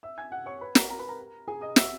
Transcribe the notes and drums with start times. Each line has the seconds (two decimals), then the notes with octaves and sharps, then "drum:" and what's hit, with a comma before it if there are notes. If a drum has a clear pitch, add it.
0.03 E5 E6
0.18 G#5 G#6
0.32 F#5 F#6
0.46 C#5 C#6
0.61 B4 B5
0.75 A#4 A#5, drum: snare
0.90 A#4 A#5
0.99 B4 B5
1.08 A#4 A#5
1.48 G#4 G#5
1.61 D#5 D#6
1.76 E5 E6, drum: snare